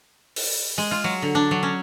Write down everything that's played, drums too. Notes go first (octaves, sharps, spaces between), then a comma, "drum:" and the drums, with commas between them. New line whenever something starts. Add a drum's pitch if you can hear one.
drum: open hi-hat
G#3
F4
F#3
D3
D4
F#3
C#4